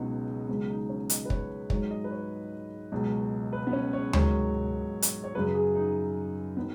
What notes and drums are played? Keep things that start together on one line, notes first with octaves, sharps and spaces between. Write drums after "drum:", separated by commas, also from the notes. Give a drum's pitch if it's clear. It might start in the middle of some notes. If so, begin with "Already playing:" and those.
Already playing: C#2 B2 F#3 B3 C#4 D#4
C#2 C#3 F#3 B3
D#4
C#4
D#5, drum: hi-hat
B4
C#5, drum: kick
G#2 F#3 C#5, drum: kick
D#5
B4
C#5
C#2 B2 F#3
B4
B3
C#4
C#5
G#2 D#3 F#3 C#5, drum: tom D2
drum: hi-hat
C#5
F#2 C#3 F#3 B4
G#4
D#4
D#3 F#3 B3